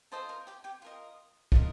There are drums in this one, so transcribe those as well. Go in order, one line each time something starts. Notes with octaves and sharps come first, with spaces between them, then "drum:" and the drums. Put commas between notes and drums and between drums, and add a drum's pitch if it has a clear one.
F4 A4 C5 D#5 A5
A#4 A#5
G4 G5
G4 G5
F4 A#4 D#5
F4 A#4 D#5, drum: kick